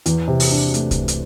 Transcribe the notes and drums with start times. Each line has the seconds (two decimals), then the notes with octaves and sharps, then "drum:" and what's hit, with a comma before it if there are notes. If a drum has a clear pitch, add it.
0.06 E2, drum: hi-hat
0.28 C3
0.40 drum: open hi-hat
0.51 D4
0.74 A3, drum: hi-hat
0.91 drum: kick C2, hi-hat
1.08 drum: hi-hat